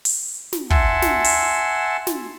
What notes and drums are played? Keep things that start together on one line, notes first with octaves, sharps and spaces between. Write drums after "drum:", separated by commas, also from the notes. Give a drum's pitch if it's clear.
drum: open hi-hat
drum: snare
E5 F#5 G#5 A5 C6, drum: kick
drum: snare
drum: open hi-hat
drum: snare